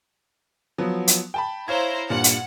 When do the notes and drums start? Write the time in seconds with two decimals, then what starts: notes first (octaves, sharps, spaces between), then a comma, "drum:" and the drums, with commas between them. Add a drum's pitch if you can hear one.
0.78 F3 F#3 B3
1.08 drum: hi-hat
1.34 G5 A5 B5
1.68 E4 C5 C#5 F5 A#5 G#6
2.10 G2 A#2 F#5
2.24 drum: hi-hat